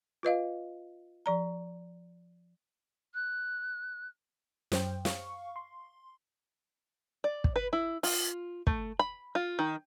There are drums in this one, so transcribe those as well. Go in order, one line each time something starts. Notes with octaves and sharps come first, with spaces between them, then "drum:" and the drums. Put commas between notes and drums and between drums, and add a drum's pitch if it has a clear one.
F4 B4 D#5 F5
F3 D5 A#5
F#6
F#2 C5 G5, drum: snare
F5 C#6, drum: snare
C6
D5
drum: kick
B4
E4
F4, drum: open hi-hat
A3, drum: kick
B5
F4
D#3